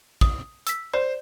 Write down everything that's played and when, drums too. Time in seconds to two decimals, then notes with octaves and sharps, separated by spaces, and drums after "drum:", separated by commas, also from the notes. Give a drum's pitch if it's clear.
0.21 D#6, drum: kick
0.67 E6 B6, drum: hi-hat
0.94 C5 D5